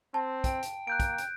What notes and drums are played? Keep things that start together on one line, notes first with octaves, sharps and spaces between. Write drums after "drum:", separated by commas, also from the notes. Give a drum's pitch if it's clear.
C4 A5
G5, drum: kick, hi-hat
drum: hi-hat
A#3 F#6 G6 D7
drum: kick, hi-hat
drum: hi-hat